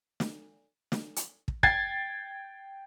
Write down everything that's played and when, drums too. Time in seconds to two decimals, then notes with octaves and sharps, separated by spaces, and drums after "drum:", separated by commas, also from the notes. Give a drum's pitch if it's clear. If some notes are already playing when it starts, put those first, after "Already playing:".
0.20 drum: snare
0.92 drum: snare
1.16 drum: hi-hat
1.48 drum: kick
1.63 G5 G#6 A6 C7, drum: kick